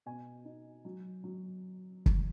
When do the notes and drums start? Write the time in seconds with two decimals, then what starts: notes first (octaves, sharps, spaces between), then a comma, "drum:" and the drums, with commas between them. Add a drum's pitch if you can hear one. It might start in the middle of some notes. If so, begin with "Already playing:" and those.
0.06 B2 G#5
0.45 D#4
0.85 F#3
1.24 F#3
2.06 drum: kick